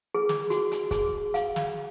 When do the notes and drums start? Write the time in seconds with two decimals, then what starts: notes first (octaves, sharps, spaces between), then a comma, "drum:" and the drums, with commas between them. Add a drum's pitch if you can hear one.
0.15 G#4
0.29 drum: snare
0.50 F#4, drum: hi-hat
0.71 drum: hi-hat
0.91 G#4, drum: kick, hi-hat
1.34 F5, drum: hi-hat
1.56 drum: snare